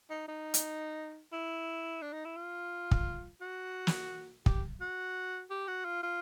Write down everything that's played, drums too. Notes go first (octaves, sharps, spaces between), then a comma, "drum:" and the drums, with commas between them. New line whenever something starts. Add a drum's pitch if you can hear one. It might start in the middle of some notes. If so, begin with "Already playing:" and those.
D#4
D#4
drum: hi-hat
E4
D4
D#4
E4
F4
drum: kick
F#4
drum: snare
G4, drum: kick
F#4
G4
F#4
F4
F4